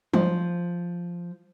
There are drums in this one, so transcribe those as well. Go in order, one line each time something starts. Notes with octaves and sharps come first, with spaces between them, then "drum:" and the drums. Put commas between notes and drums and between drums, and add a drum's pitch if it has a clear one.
F3, drum: tom F#3